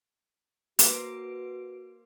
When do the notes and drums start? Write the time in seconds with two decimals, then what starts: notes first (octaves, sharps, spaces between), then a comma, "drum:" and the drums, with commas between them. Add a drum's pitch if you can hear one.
0.79 A#3 F#4 B4 C5 D7, drum: hi-hat